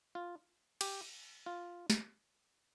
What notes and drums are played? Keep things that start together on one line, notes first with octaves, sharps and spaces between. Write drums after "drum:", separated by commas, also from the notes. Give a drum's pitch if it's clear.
F4
G4, drum: cymbal
F4
drum: snare